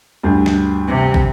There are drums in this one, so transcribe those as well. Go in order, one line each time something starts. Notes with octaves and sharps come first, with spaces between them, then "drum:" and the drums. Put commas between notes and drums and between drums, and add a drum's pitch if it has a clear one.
D2 G2
drum: snare
C3
drum: kick